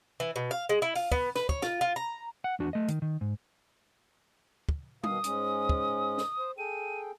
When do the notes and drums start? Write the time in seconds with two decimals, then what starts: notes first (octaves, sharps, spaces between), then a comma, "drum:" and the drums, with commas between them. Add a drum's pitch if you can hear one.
0.20 E3
0.36 B2
0.51 F5
0.69 G#3
0.82 E4
0.96 F4, drum: open hi-hat
1.12 B3, drum: kick
1.36 B4, drum: snare
1.49 C#5, drum: kick
1.62 F4, drum: snare
1.81 F4
1.96 A#5
2.44 F#5
2.60 E2 D4 F#4
2.73 A3 D#5
2.88 D#3, drum: hi-hat
3.02 D#3
3.21 G#2
4.69 drum: kick
5.04 B2 D#3 F5 D#6, drum: tom G3
5.24 G#2 G#3 C#4, drum: hi-hat
5.69 drum: kick
6.18 drum: snare
6.39 C5
6.58 G#4 A4 G5 D#7